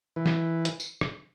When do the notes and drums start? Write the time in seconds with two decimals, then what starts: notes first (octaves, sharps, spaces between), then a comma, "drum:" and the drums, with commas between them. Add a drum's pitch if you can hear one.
0.16 E3
0.26 drum: snare
0.65 drum: hi-hat
0.80 drum: tambourine
1.01 drum: rim click